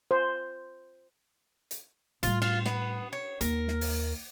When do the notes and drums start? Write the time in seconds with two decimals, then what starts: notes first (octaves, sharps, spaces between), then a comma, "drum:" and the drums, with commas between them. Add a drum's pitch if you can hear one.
0.11 C5
1.71 drum: hi-hat
2.23 A2 G3 F4, drum: hi-hat
2.42 F4, drum: cymbal
2.66 B3, drum: snare
3.13 C#5
3.41 D#2 A#4, drum: hi-hat
3.68 drum: snare
3.81 drum: open hi-hat